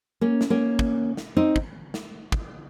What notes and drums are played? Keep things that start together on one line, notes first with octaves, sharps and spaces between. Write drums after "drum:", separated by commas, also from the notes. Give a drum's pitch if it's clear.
A#3 C#4
drum: snare
A#3 C#4
drum: kick
drum: snare
C4 D#4
drum: kick
drum: snare
drum: kick